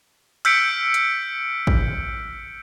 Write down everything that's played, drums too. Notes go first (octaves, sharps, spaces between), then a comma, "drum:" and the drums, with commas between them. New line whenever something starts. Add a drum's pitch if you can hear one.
E6 F6 G6 B6 C#7 D7, drum: cymbal
drum: hi-hat
drum: kick